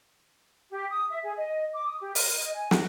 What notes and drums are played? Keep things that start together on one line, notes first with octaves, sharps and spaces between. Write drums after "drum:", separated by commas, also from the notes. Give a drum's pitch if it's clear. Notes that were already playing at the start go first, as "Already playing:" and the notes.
G4
D#6
E5
G#4
D#5
D6
D#6
G4
A#4, drum: open hi-hat
D#5
G#5
F#4, drum: snare